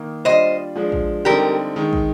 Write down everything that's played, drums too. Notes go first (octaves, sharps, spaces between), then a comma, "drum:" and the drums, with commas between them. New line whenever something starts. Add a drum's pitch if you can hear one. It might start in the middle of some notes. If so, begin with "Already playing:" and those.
Already playing: D#3 A#3 D#4
G3 D4 F4 C5 D#5
F3 G#3 D4
drum: kick
D3 G3 C4 D#4 G4 A#4
D#3 G#3 D#4
drum: kick